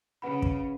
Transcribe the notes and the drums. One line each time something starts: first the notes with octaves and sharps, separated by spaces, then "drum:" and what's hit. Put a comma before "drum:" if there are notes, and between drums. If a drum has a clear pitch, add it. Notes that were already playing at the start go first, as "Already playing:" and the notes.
C#3 B4 F#5 B5
drum: kick